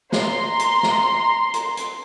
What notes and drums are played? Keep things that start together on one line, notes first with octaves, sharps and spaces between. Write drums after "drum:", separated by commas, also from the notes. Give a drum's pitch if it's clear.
A#5 C6, drum: snare
drum: hi-hat
drum: snare
drum: hi-hat
drum: hi-hat